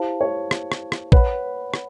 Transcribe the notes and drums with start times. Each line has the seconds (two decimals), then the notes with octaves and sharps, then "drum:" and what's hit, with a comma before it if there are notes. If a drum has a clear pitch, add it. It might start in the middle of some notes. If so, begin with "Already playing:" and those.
Already playing: E4 G4 C5 F5 A5
0.21 C#5
0.51 drum: rim click
0.72 drum: rim click
0.92 drum: rim click
1.12 B4 C#5 F#5 B5, drum: kick A#1
1.74 drum: rim click